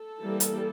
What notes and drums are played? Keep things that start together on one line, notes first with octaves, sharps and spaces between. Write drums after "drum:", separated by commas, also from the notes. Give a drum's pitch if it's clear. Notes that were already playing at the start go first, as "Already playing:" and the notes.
Already playing: A4
E3 G3 A#3
drum: hi-hat